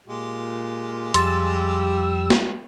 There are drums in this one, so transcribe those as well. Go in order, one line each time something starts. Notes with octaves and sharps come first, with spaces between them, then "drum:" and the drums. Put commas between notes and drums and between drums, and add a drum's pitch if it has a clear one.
A#2 G#3 F4 G4
F2 G3 C6 E6 A6, drum: hi-hat
drum: snare